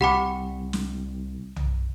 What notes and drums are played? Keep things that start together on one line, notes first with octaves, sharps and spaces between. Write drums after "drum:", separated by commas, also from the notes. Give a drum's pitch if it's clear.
C2 G4 F#5 G5 B5 D6
drum: snare
drum: tom B1